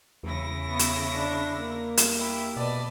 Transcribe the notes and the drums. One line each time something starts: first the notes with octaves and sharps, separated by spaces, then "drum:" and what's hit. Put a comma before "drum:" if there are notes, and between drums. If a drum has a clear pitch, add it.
E2 C#3 E4 A#6
B3 C#6
drum: hi-hat
D4
A#3
drum: hi-hat
E4 G4
B2 B4 D5 D#5 A5